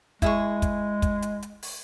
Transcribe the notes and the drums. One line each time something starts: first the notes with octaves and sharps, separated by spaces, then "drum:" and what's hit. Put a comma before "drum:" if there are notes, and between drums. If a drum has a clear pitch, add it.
G#3 E4 G#4 C#6, drum: kick, hi-hat
drum: kick, hi-hat
drum: kick, hi-hat
drum: hi-hat
drum: hi-hat
drum: open hi-hat